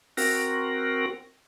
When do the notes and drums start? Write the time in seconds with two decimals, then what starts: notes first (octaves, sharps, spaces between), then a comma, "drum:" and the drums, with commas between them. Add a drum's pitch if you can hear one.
0.17 C4 F#4 A#4, drum: open hi-hat